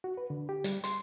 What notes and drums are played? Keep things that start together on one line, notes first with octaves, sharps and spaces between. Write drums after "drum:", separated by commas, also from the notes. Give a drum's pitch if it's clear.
F#4
B4
D3
G4
G3, drum: hi-hat
C6, drum: hi-hat